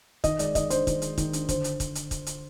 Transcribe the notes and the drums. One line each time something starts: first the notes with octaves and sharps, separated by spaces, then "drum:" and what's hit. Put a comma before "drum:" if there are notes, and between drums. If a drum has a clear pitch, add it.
D#3 D#5, drum: kick, hi-hat
G#3 D5, drum: hi-hat
D#3 D#5, drum: kick, hi-hat
D4 C5, drum: hi-hat
D#3, drum: kick, hi-hat
G#3, drum: hi-hat
D#3, drum: kick, hi-hat
D4, drum: hi-hat
D3 C5, drum: kick, hi-hat
drum: hi-hat
drum: kick, hi-hat
drum: hi-hat
drum: kick, hi-hat
drum: hi-hat